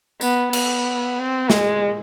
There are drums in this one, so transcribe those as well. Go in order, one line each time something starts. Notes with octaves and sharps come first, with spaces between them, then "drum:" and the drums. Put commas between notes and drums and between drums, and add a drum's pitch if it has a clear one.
B3, drum: tambourine
B3, drum: cymbal
C4
G#3, drum: snare